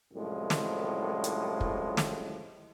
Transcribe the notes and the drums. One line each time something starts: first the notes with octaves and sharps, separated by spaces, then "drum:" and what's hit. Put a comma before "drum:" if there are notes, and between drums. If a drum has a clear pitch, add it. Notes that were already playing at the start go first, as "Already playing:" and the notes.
C2 F#2 A2 F3 G#3
drum: snare
drum: hi-hat
drum: kick
drum: snare